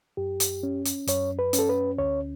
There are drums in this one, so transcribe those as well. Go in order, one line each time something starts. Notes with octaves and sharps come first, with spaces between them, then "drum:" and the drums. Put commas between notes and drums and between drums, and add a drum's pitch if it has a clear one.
F#2 G4
drum: hi-hat
C#4
drum: hi-hat
F#2 C#5, drum: hi-hat
B4
C#4, drum: hi-hat
A4
B4
D2 C#5